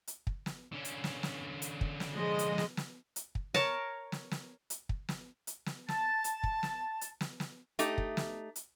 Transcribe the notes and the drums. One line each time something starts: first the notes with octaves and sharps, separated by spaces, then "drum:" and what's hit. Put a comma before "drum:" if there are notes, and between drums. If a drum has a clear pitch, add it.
drum: hi-hat
drum: kick
drum: snare
D3 C#4
drum: hi-hat
drum: snare
drum: snare
drum: hi-hat
drum: kick
drum: snare
F3 G#3 D#5
drum: hi-hat
drum: snare
drum: snare
drum: hi-hat
drum: kick
A#4 C#5 A5, drum: snare
drum: snare
drum: snare
drum: hi-hat
drum: kick
drum: snare
drum: hi-hat
drum: snare
A5, drum: snare
drum: hi-hat
drum: kick
drum: snare
drum: hi-hat
drum: snare
drum: snare
A3 D#4 G4, drum: hi-hat
drum: kick
drum: snare
drum: hi-hat